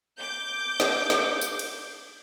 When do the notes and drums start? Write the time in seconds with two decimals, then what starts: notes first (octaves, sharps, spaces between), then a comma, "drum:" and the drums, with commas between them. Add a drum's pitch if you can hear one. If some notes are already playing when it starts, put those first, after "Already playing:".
0.19 D6 G6
0.80 drum: snare
1.10 drum: snare
1.41 drum: tambourine
1.59 drum: cymbal